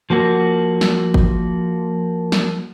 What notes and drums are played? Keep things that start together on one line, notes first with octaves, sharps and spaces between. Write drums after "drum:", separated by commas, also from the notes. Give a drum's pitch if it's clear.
F3 A#3 F#4
drum: snare
drum: kick G1
drum: snare